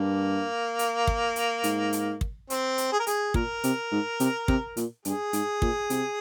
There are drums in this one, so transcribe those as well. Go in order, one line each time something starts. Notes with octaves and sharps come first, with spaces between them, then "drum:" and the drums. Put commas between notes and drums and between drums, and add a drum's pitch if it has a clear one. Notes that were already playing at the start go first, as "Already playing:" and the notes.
Already playing: G2 A#3
drum: hi-hat
drum: kick
drum: hi-hat
G#2, drum: hi-hat
drum: hi-hat
drum: kick
C4, drum: hi-hat
drum: hi-hat
G#4
A#4
G#4, drum: hi-hat
A#2 A#4, drum: kick
C3, drum: hi-hat
G#2
C3, drum: hi-hat
C3, drum: kick
A#2, drum: hi-hat
G2 G#4, drum: hi-hat
G#2, drum: hi-hat
A#2, drum: kick
C3, drum: hi-hat